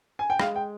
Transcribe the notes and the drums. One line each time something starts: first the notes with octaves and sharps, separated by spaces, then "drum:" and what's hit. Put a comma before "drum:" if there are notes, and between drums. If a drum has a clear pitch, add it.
G#5
G5
G#3 F5, drum: rim click
G5